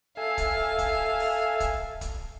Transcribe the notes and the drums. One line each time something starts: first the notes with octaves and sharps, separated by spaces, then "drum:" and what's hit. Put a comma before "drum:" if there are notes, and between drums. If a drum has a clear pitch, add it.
A4 E5 F5 G#5
drum: kick, hi-hat
drum: kick, hi-hat
drum: open hi-hat
drum: kick, hi-hat
drum: kick, hi-hat